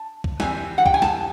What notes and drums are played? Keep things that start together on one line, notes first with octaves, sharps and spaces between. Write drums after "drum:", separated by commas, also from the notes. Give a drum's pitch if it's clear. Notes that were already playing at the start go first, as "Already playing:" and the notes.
Already playing: A5
drum: kick C2
E3 G3 C4 G#5, drum: snare
F#5
G5, drum: kick C2
G#5
A5, drum: snare